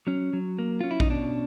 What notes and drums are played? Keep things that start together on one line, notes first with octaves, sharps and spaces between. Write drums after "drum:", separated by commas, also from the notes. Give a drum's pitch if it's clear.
F#3 C#4
F#3
A#3
C#4 F4
E4
D#4, drum: kick A#1
B2 D4